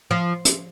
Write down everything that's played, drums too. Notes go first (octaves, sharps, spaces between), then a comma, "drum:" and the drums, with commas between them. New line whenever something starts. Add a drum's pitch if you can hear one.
F3
drum: hi-hat